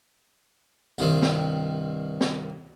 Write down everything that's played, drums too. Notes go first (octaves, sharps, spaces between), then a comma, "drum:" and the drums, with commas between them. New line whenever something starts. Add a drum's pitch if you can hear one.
C2 G2 D#3 C4, drum: tambourine
drum: snare C4
drum: snare C4